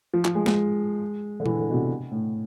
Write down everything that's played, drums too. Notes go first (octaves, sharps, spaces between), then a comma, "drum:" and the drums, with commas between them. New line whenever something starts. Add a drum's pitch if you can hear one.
F3
F3, drum: clap
G#3
G#3, drum: snare
D3
E3, drum: tom A#2
D3
B2
C3
A2